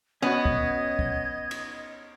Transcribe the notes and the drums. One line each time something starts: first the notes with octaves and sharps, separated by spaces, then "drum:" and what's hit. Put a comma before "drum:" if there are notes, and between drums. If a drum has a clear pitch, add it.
B3 C#4 F#4 D#5 G#6
drum: kick
drum: kick
drum: cymbal